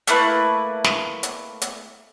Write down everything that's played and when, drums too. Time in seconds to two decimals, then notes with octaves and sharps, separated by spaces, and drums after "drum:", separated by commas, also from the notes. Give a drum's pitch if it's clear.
0.07 A3 A#3 E4 B4, drum: hi-hat
0.84 drum: snare
1.23 drum: hi-hat
1.61 drum: hi-hat